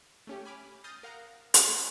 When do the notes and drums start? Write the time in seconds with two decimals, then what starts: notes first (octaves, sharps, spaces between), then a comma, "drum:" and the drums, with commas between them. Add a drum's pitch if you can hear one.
0.27 A3 C#4 G4
0.45 G#5 B5 D6 F6
0.84 D#6 F6 G6 A6 A#6 C7
1.03 A#4 F5 F#5 A#5
1.54 C#4 E5, drum: hi-hat
1.73 F6